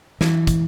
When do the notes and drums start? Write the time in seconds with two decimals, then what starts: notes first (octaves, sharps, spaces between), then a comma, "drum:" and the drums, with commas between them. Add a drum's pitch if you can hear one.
0.21 E3, drum: snare
0.47 drum: kick, hi-hat